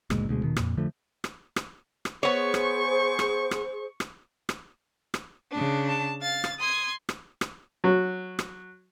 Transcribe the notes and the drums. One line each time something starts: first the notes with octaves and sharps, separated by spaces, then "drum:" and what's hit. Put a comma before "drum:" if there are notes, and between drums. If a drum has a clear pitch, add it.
F#1 D2 A#2 G#3, drum: rim click
D2 B2 G#3
D#1 B2 D#3
F2 A#2, drum: rim click
F2 D3 F3 A3
drum: rim click
drum: rim click
drum: rim click
B3 G#4 C5 C#5 C#6
drum: rim click
drum: rim click
drum: rim click
drum: rim click
drum: rim click
drum: rim click
C#3 D4
A5
F5 A6
drum: rim click
C6 D#6 G#6
drum: rim click
drum: rim click
F#3
drum: rim click